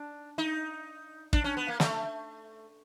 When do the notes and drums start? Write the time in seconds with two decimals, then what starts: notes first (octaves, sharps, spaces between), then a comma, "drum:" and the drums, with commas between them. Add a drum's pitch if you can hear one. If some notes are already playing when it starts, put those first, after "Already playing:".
Already playing: D4
0.38 D#4
1.33 D4, drum: kick
1.44 C#4
1.57 B3
1.68 A#3
1.80 A3, drum: snare